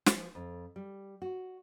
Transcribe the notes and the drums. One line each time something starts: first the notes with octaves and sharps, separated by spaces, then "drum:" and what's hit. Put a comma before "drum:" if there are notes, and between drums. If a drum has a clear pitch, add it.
F3, drum: snare
F2
G3
F#4